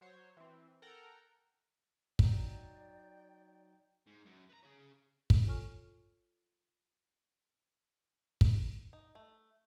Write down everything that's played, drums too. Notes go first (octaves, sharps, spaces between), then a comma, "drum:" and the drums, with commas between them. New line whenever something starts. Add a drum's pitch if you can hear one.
F#3 C5 C#5
E3 C4
A4 A#4 F#5 G5 A#5
F#3 D#4 D5 G5, drum: kick
G#2
F#2
B4 A#5
C#4 G#4
drum: kick
F4 A4 C#5 G#5 C#6 F6
drum: kick
D#4
A3